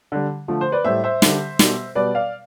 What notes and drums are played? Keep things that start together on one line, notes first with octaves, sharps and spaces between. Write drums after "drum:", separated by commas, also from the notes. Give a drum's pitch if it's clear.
D3 G3
D3 F3 A3
C5
B4 D5
A2 G3 C5 E5
C5 E5
D3 G3, drum: snare
B2 G3, drum: snare
B2 G3 B4 D5
D5 F5